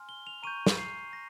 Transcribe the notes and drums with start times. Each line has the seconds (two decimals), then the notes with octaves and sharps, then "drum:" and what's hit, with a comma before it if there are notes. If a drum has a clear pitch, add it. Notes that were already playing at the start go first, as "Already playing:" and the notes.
Already playing: G#5 C6 F6
0.09 G7
0.27 F7
0.43 A#5 C#6 G6 D#7
0.66 drum: snare
0.78 C7
1.13 A#6